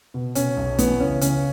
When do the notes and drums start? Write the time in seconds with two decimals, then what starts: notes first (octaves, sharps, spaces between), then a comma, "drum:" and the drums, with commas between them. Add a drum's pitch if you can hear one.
0.14 B2
0.35 B2 C#4, drum: hi-hat
0.57 B1
0.78 E3 B3, drum: kick, hi-hat
1.00 C#2 C#4
1.21 C#3 C#4, drum: hi-hat